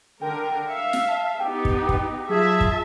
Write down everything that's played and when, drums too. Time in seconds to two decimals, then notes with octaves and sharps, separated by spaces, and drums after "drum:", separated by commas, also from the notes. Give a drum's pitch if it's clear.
0.21 D3 A#4 G5
0.68 E5 F5 C#7
0.93 drum: snare
1.08 A5
1.40 B3 D#4 G4 G5
1.65 drum: kick
1.89 drum: kick
2.29 F#3 F4 G#4 E5 A5
2.61 drum: kick